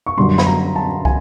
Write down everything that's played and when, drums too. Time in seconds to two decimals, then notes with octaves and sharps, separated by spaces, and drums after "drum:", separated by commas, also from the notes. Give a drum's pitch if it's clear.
0.06 C#6
0.17 F#2 D3 G3 C6
0.38 B5, drum: snare
0.46 A#5
0.76 A5
1.05 G#5, drum: kick